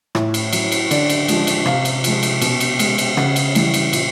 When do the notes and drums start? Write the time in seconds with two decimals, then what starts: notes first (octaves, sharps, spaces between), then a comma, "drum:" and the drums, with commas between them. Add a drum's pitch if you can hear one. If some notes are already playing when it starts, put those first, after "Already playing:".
0.15 A2, drum: rim click
0.34 drum: cymbal
0.53 F#3, drum: cymbal
0.72 drum: cymbal
0.91 D3 D5, drum: cymbal
1.09 drum: cymbal
1.28 F3 G#3, drum: cymbal
1.47 drum: cymbal
1.65 C3 F5, drum: rim click
1.85 drum: cymbal
2.04 F3 G#3, drum: cymbal
2.23 drum: cymbal
2.42 B2, drum: cymbal
2.60 drum: cymbal
2.79 G#3, drum: cymbal
2.98 drum: cymbal
3.17 C#3 F#5, drum: rim click
3.36 drum: cymbal
3.55 E3 G3, drum: cymbal
3.74 drum: cymbal
3.93 A#2, drum: cymbal